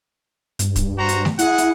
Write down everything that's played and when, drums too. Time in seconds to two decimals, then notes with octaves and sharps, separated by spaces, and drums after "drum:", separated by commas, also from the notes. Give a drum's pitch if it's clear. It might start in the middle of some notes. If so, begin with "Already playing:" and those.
0.59 G2, drum: hi-hat
0.76 drum: kick, hi-hat
0.98 F#4 C5 A#5
1.09 drum: hi-hat
1.25 drum: snare A3
1.39 E4 G#4 F#5, drum: hi-hat
1.58 drum: hi-hat